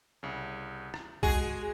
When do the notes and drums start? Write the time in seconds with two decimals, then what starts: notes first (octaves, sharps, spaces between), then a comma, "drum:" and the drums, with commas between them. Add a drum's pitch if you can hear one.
0.23 C2 C#3
0.94 drum: rim click
1.23 G#3 F#4 G#4, drum: kick B1